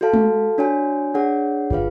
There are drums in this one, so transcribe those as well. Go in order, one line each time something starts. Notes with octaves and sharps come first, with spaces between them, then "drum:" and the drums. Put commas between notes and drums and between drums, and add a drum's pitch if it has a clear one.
F#4 A4 F5 A5
drum: tom G#3
D4 F#4 C#5 G#5
D4 G#4 C#5 F#5
F4 G#4 B4 F5, drum: kick